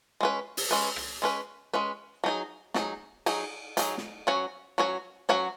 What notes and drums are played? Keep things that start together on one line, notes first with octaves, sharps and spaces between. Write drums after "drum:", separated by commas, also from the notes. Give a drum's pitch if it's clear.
G#3 C#4 B4
drum: open hi-hat
G#3 C#4 B4
drum: rim click
G#3 C#4 B4
G#3 C#4 B4
F#3 D#4 G#4
F#3 D#4 G#4, drum: snare
F#3 D#4 G#4, drum: cymbal
F#3 D#4 G#4, drum: hi-hat
drum: snare
F#3 C#4 F#4 C#5
F#3 C#4 F#4 C#5
F#3 C#4 F#4 C#5